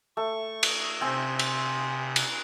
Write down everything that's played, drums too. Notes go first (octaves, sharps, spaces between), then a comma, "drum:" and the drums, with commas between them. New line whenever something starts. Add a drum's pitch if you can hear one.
A3 C#6
drum: cymbal
C3 C4 G#5
drum: cymbal
drum: cymbal